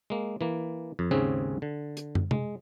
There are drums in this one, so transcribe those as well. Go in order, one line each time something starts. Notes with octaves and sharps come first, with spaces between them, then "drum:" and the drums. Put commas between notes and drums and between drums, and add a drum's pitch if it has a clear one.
G#3 A#3
E3 A#3
F2
D#2 G#2 C#3 C4 C#4 G#4
D3
drum: hi-hat
drum: tom
G#3, drum: tom C3